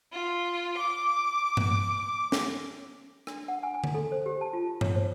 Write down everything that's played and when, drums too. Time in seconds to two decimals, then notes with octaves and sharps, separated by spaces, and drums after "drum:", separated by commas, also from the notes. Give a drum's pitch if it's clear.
0.12 F4
0.77 D6
1.57 drum: tom G2
2.32 drum: snare
3.27 D4, drum: rim click
3.48 F#5
3.63 G#5
3.74 G#5
3.84 drum: tom D3
3.94 A4
4.12 C5
4.26 G4
4.41 A5
4.53 F4
4.81 C#5, drum: tom G2
4.95 C5